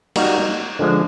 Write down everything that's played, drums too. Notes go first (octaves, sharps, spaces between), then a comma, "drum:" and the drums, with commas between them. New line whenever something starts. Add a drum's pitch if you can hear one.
G3 A#3 D#4 F#4, drum: cymbal
D3 F3 G#3